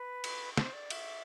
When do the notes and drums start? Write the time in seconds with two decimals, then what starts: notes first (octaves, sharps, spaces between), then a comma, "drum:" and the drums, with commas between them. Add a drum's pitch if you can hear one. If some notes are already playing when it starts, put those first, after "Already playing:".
Already playing: B4
0.24 drum: cymbal
0.57 C5, drum: snare
0.73 D5
0.90 E5, drum: cymbal